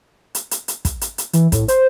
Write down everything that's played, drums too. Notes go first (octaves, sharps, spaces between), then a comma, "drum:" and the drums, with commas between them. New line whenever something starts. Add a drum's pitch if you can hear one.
drum: hi-hat
drum: hi-hat
drum: hi-hat
drum: kick, hi-hat
drum: hi-hat
drum: hi-hat
E3, drum: hi-hat
A2, drum: kick, hi-hat
C5, drum: hi-hat